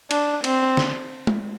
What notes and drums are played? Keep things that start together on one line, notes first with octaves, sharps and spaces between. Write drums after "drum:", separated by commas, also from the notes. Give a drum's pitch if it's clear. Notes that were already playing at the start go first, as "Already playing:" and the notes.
D4, drum: cymbal
C4, drum: cymbal
drum: snare
drum: tom G#3